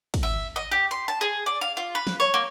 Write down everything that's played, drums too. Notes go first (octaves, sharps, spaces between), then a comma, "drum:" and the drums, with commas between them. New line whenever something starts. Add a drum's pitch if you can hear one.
drum: kick, cymbal
E5
D#5
G4
C6
A5
G#4
D5
F5
F4
B4
drum: snare
C#5
A#3